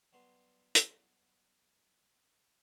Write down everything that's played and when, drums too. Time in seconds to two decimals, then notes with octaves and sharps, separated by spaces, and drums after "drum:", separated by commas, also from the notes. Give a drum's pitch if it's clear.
0.13 F#3 G3 B3 C6
0.75 drum: hi-hat